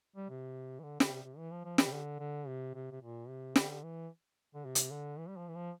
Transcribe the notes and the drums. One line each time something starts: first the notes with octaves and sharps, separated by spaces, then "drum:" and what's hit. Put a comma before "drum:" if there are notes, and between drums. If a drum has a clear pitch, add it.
G3
C3
E3
D3
D3, drum: snare
C3
C3
E3
F3
F3
E3, drum: snare
C3
D3
D3
C3
C3
C3
A#2
C3
D3, drum: snare
E3
D3
C3
drum: hi-hat
D3
E3
G3
F3
E3
F3